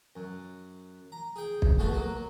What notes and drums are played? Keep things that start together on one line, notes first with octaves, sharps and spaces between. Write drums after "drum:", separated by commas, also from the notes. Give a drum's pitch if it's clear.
F#2
A#5
G#4 G5
drum: kick
C#2 B2 A3 F4 F#4 G#4
F#3 A#3 F#4